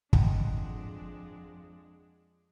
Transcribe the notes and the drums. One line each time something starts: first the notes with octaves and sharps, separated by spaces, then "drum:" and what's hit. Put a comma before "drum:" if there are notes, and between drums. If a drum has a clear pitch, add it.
F2 G#3 D4 D#5 F#5 G5, drum: kick